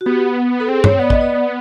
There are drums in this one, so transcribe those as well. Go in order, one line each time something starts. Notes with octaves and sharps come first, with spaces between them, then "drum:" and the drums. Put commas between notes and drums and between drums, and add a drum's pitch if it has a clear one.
F#4
B3 G4
A4
C4 G#4
C#5, drum: tom G2
B3 D5
D#5, drum: kick
D5